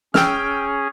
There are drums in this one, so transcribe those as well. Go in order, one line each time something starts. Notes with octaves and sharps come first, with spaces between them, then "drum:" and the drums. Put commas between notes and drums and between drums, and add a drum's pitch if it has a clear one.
C#4 G#4 G5 E6 F6, drum: snare